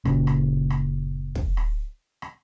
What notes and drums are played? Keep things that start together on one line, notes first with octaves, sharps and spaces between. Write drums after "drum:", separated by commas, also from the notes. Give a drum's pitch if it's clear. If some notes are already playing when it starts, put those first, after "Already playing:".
F#1 A#2 C#3, drum: rim click
drum: rim click
drum: rim click
drum: kick
drum: rim click
drum: rim click